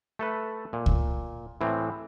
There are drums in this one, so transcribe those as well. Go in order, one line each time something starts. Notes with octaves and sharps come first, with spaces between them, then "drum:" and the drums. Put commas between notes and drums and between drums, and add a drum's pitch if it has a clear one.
A3 A4 B4
A#2
drum: kick C#2
A2 E3 C4